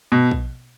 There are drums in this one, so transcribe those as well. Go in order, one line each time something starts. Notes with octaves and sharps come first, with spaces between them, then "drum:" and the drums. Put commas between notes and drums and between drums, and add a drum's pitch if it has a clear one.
B2
drum: kick